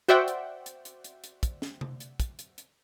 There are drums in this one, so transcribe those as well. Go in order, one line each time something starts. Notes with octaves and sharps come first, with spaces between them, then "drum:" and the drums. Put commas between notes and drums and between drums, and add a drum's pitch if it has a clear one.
F#4 C5 D5 E5 F#5 G5, drum: hi-hat
drum: hi-hat
drum: hi-hat
drum: hi-hat
drum: hi-hat
drum: hi-hat
drum: kick, hi-hat
drum: snare
drum: tom C3
drum: hi-hat
drum: kick, hi-hat
drum: hi-hat
drum: hi-hat